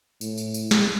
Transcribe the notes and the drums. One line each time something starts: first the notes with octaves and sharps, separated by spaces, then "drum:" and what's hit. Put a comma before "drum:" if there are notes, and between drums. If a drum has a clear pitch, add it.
A2, drum: tambourine
drum: tambourine
drum: tambourine
drum: snare